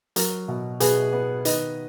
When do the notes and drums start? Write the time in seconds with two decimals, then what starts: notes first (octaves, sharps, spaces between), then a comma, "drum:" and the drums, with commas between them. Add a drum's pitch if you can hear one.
0.16 F#3 A#4, drum: hi-hat
0.48 B2
0.80 B2 G#4 B4, drum: hi-hat
1.13 B3
1.45 D#3 B4 D#5, drum: hi-hat